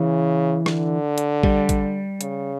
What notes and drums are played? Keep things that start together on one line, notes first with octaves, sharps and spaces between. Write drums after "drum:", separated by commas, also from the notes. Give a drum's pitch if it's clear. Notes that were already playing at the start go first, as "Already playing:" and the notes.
Already playing: C#3 E3
D3, drum: rim click
drum: hi-hat
G3, drum: kick
drum: kick, hi-hat
C#3, drum: hi-hat